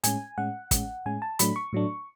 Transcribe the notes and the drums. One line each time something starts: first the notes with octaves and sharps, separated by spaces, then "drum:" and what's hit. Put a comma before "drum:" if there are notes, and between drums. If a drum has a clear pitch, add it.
A2 G#3 C#4 G#5, drum: hi-hat
A2 G#3 C#4 F#5
A2 G#3 C#4, drum: kick, hi-hat
A2 G#3 C#4 G#5
A5
A2 F#3 A3 D4 B5, drum: hi-hat
C#6
A2 F#3 A3 D4